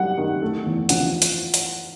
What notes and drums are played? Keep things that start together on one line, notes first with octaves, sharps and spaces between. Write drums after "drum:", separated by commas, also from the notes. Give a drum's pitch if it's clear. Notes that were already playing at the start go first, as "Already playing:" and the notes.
Already playing: F#2 G3 F#5
D#3
A3
E2
F3 F#5, drum: hi-hat
drum: hi-hat
drum: hi-hat